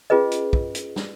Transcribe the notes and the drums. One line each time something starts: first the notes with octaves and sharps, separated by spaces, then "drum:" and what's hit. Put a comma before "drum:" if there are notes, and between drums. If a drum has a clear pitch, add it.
C#4 F4 G#4 B4 D#5
drum: hi-hat
drum: kick
drum: hi-hat
drum: snare